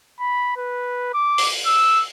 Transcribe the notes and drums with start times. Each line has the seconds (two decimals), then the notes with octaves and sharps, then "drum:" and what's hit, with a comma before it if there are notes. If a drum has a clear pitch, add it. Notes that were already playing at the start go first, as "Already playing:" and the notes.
0.20 B5
0.57 B4
1.14 D6
1.38 drum: open hi-hat
1.66 E6